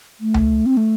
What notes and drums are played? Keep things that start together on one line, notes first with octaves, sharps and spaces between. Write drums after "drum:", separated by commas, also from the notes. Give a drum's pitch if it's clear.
A3
drum: tom C#2
C4
A3